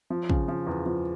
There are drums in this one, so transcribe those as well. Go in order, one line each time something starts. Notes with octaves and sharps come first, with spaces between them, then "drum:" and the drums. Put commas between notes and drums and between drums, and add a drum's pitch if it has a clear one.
F3
C#3, drum: kick
F3
E2
F3